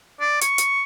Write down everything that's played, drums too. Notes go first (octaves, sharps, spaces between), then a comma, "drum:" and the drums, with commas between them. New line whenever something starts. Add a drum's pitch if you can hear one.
D5
C#6, drum: hi-hat
drum: hi-hat